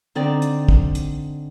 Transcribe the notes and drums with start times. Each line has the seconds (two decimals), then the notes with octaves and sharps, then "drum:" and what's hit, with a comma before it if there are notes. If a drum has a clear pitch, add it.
0.15 D3 C4 D#4 D5
0.42 drum: hi-hat
0.69 drum: kick
0.95 drum: hi-hat